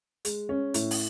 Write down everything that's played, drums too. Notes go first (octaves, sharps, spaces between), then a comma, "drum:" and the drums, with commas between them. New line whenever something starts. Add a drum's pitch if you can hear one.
G#3, drum: hi-hat
C#4
A2, drum: hi-hat
drum: open hi-hat